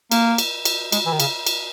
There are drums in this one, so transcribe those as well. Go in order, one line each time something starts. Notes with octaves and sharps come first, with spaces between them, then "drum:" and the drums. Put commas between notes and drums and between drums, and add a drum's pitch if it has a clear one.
A#3, drum: cymbal
drum: cymbal
drum: cymbal
G#3, drum: cymbal
E3
D#3
C#3, drum: cymbal
drum: cymbal